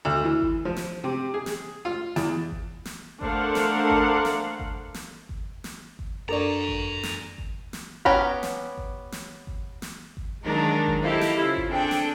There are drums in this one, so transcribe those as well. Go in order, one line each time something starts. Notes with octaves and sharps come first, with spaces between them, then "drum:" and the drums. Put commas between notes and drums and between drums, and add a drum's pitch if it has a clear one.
D2
E3
drum: kick G1
F3
drum: snare
C3
G#4
drum: snare
F4
E2, drum: snare
drum: kick G1
drum: snare
A3 D4 A#4 C5 F5 F#5, drum: kick G1
drum: snare
drum: kick G1
drum: snare
drum: kick G1
drum: snare
drum: kick G1
drum: snare
drum: kick G1
F#2 D4 A4 A#4 D5 G#5 A#5 C#6
drum: kick G1
drum: snare
drum: kick G1
drum: snare
B3 C#4 G4 A#5 B5, drum: kick G1
drum: snare
drum: kick G1
drum: snare
drum: kick G1
drum: snare
drum: kick G1
D#3 F#3 G#3 D4 D#4 A#4
drum: kick G1
D#4 E4 G4 A4 C5 F5
drum: snare
C#3 E4 F4
drum: kick G1
C4 D4 G#4 A4 G5
drum: snare